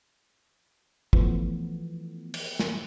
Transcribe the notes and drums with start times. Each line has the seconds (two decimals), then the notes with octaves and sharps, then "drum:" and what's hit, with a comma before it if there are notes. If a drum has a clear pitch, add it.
1.13 E3 F3 A3 B3, drum: kick
2.34 drum: cymbal
2.59 drum: snare